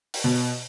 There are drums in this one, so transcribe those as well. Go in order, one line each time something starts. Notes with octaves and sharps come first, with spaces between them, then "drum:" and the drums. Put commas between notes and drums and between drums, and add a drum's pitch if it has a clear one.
drum: open hi-hat
B2